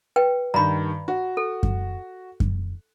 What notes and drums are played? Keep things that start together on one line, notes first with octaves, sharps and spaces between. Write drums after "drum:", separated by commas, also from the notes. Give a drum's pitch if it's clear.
B4 G5
G2 D#3 A#5 B5
F#4
A4
drum: kick F#2
drum: kick F#2